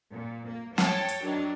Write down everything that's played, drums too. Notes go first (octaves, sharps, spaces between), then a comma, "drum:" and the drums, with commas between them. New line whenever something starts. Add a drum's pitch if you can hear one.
A#2
A#3
C#5 G5 A5, drum: snare
drum: hi-hat
D#3 F#3 D4